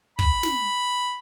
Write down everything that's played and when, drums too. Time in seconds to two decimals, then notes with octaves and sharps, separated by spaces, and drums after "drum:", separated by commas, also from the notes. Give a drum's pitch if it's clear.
0.19 B5, drum: kick
0.43 drum: snare